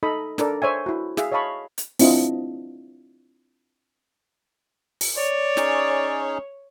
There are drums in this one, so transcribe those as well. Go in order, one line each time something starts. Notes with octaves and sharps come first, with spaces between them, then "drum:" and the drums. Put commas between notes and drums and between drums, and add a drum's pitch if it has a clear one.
D#4 A4 D#5 B5
D4 A4 A#4 D5, drum: snare
C5 C#5 E5 G#5
E4 F#4
G#4 E5 F5, drum: snare
C#5 D#5 F5 A5 B5 C#6
drum: hi-hat
C4 D4 E4 F4 D#5, drum: open hi-hat
drum: open hi-hat
C#5 D5
C#4 D#4 G#4, drum: snare